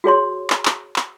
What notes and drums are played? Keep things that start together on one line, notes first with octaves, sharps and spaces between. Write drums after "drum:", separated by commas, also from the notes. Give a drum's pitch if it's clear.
F#4 G#4 C#5 C6
drum: clap
drum: clap
drum: clap